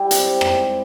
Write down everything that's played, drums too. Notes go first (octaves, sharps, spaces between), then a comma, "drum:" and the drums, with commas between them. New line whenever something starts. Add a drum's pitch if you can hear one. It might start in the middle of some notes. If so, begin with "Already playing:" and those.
Already playing: G3 E4 G4
C4, drum: hi-hat
G#2, drum: rim click